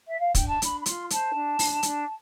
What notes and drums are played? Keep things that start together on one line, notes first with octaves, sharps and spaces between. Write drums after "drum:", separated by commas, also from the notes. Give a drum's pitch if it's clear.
E5
F5
D4 G5, drum: kick, hi-hat
A5
D4 B5, drum: hi-hat
B5
F4 C6, drum: hi-hat
C5 A5, drum: hi-hat
D4
D4, drum: open hi-hat
D4, drum: hi-hat